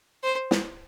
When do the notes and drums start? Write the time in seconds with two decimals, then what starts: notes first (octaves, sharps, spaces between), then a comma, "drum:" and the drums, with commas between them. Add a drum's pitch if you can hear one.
0.23 C5
0.51 drum: snare